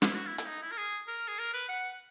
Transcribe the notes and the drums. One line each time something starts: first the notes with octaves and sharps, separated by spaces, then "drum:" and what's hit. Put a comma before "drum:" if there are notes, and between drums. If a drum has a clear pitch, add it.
E4, drum: snare
F#4
E4
E4, drum: hi-hat
D#4
E4
A#4
G#4
A#4
G#4
A#4
B4
F#5